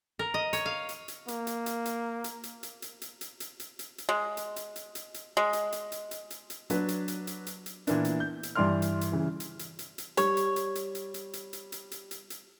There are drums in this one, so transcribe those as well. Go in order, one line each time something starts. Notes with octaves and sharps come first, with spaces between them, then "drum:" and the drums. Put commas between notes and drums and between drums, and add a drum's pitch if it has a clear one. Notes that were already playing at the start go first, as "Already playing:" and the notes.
A#4
D#5
C#5, drum: hi-hat
F5
drum: hi-hat
drum: hi-hat
A#3, drum: hi-hat
drum: hi-hat
drum: hi-hat
drum: hi-hat
drum: hi-hat
drum: hi-hat
drum: hi-hat
drum: hi-hat
drum: hi-hat
drum: hi-hat
drum: hi-hat
drum: hi-hat
drum: hi-hat
drum: hi-hat
G#3
drum: hi-hat
drum: hi-hat
drum: hi-hat
drum: hi-hat
drum: hi-hat
G#3
drum: hi-hat
drum: hi-hat
drum: hi-hat
drum: hi-hat
drum: hi-hat
drum: hi-hat
F#3 D4 B4, drum: hi-hat
drum: hi-hat
drum: hi-hat
drum: hi-hat
drum: hi-hat
drum: hi-hat
A#2 E3 A#3 B3 D4, drum: hi-hat
drum: hi-hat
G6
drum: hi-hat
G2 E3 D5 C6 F6
drum: hi-hat
drum: hi-hat
C#3 E3
drum: hi-hat
drum: hi-hat
drum: hi-hat
drum: hi-hat
G3 C#5, drum: hi-hat
drum: hi-hat
drum: hi-hat
drum: hi-hat
drum: hi-hat
drum: hi-hat
drum: hi-hat
drum: hi-hat
drum: hi-hat
drum: hi-hat
drum: hi-hat
drum: hi-hat